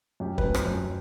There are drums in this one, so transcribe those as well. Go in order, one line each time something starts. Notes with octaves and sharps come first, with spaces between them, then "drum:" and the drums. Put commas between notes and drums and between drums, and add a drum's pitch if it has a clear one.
F#2 G4
B4, drum: kick
F#2
C5, drum: rim click
F#2